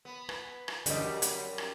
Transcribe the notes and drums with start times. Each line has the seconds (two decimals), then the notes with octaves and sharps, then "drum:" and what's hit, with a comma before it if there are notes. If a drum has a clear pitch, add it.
0.05 B3
0.29 B4, drum: rim click
0.68 drum: rim click
0.86 F#2 D3 E3 G3 D#5, drum: hi-hat
1.01 F#4 G4
1.22 drum: hi-hat
1.58 drum: rim click